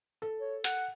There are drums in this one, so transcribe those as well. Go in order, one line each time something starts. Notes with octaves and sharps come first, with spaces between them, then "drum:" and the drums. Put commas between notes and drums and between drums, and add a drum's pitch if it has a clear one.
A4
C#5
F#5, drum: hi-hat